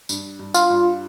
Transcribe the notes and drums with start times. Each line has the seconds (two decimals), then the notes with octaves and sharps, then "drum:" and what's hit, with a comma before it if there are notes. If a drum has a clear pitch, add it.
0.09 G2, drum: tambourine
0.39 G2
0.54 F4, drum: tambourine
0.70 G2